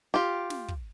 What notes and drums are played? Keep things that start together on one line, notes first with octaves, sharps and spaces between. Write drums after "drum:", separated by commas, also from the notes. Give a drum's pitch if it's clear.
F4 G4
drum: snare
drum: kick